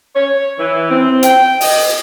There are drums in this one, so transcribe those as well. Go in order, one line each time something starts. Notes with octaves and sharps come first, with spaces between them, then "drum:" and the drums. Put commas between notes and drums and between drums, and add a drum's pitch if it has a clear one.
C#5
E3
C4
G5, drum: hi-hat
D#5, drum: open hi-hat